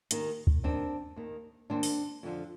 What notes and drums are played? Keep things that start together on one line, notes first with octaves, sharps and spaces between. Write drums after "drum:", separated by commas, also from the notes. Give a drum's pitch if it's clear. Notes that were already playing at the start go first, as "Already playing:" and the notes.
D#2 D#3, drum: hi-hat
drum: kick
D#2 D#3 C4 D4
D#2 D#3
D#2 D#3 C4 D4
drum: open hi-hat
F2 D3 F3